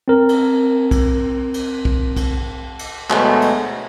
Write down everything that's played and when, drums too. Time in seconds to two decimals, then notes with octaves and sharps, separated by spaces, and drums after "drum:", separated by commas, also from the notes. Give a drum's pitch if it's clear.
0.08 C4 A#4
0.29 drum: cymbal
0.91 drum: kick B1, cymbal
1.54 drum: cymbal
1.85 drum: kick B1
2.16 drum: kick B1, cymbal
2.79 drum: cymbal
3.10 D2 B2 F#3 G#3 A3, drum: clap
3.42 drum: cymbal